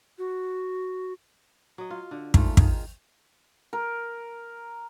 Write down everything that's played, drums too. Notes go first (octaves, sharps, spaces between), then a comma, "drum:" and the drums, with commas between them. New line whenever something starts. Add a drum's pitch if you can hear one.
F#4
F#3 D#5
F4
D3
G#2 F3 A3 F4, drum: kick
D#3 G#4, drum: kick
A#4